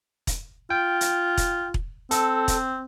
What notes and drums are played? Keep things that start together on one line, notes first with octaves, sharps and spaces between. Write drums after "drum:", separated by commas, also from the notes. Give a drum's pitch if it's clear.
drum: kick E1, hi-hat
F4 G5
drum: hi-hat
drum: kick E1, hi-hat
drum: kick E1
C4 A4, drum: hi-hat
drum: kick E1, hi-hat